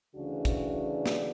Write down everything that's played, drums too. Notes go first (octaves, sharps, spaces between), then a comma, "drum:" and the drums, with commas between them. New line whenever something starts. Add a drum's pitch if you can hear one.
D2 C#3 E3 D4 F#4
drum: kick, hi-hat
drum: snare